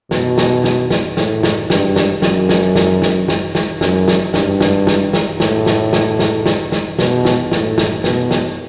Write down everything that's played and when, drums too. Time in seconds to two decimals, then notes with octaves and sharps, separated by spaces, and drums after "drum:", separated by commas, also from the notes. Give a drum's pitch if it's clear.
0.11 B2, drum: snare
0.38 drum: snare
0.64 drum: snare
0.90 drum: snare
1.17 A2, drum: snare
1.43 drum: snare
1.70 G2, drum: snare
1.96 drum: snare
2.22 F#2, drum: snare
2.49 drum: snare
2.75 drum: snare
3.02 drum: snare
3.28 drum: snare
3.55 drum: snare
3.81 F#2, drum: snare
4.08 drum: snare
4.34 G2, drum: snare
4.61 drum: snare
4.87 drum: snare
5.13 drum: snare
5.40 A2, drum: snare
5.66 drum: snare
5.93 drum: snare
6.19 drum: snare
6.46 drum: snare
6.72 drum: snare
6.99 B2, drum: snare
7.25 drum: snare
7.52 A2, drum: snare
7.78 drum: snare
8.04 B2, drum: snare
8.31 drum: snare